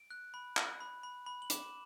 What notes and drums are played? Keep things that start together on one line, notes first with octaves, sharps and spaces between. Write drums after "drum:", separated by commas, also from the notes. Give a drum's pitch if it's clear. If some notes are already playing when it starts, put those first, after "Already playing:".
Already playing: D7
F#6
B5
F#6, drum: clap
B5
B5
B5
F#7
D6 E7, drum: hi-hat